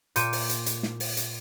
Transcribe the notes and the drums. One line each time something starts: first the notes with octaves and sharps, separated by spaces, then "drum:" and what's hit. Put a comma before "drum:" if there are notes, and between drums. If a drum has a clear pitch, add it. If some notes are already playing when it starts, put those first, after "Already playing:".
A#2 C6 D6 G6 C#7 D#7, drum: hi-hat
drum: open hi-hat
drum: hi-hat
drum: hi-hat
drum: snare
drum: open hi-hat
drum: hi-hat